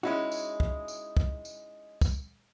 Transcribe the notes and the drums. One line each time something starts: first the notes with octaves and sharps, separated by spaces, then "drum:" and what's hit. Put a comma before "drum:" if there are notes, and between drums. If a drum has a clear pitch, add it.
G#3 C#4 D#4 E4 F#4
drum: tambourine
drum: kick
drum: tambourine
drum: kick
drum: tambourine
drum: kick, tambourine